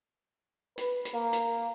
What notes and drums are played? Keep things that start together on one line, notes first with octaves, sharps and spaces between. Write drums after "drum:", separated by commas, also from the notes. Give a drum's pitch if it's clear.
B4, drum: hi-hat
drum: hi-hat
A#3
drum: hi-hat